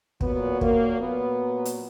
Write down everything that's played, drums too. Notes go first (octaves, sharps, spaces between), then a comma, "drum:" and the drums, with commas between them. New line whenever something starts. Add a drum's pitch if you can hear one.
A#2 F#3 B3, drum: kick
A#3, drum: kick
A#2 F#3 B3
drum: hi-hat